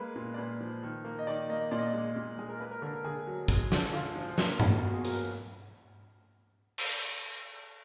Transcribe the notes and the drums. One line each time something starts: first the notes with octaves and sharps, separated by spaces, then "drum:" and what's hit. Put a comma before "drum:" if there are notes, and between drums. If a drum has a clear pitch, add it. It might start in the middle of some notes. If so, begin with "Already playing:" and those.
Already playing: G#3 A#3 B4
A#2
D5
A#2 B4
F3
D#3
A#3
D#5
D#3 D5
A#3 D#5
A#2 D5
D#5
D5
G#3
A#2
G#3 G#4
A#4
A#3 B4
A#4
D3 A#4
A#4
D3 G#4
F#3
G#3, drum: kick
D3, drum: snare
D3 F4
F3
A#3, drum: snare
B2, drum: tom G2
B2 F#4
G#4
F#3 A#4, drum: hi-hat
B4
drum: cymbal